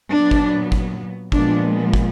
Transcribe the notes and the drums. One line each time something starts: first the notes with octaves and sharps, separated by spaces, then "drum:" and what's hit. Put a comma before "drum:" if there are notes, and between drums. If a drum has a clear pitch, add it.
A#2 F#3 B3 D4
drum: kick
drum: kick
A#2 F3 G#3 B3 D4, drum: kick
drum: kick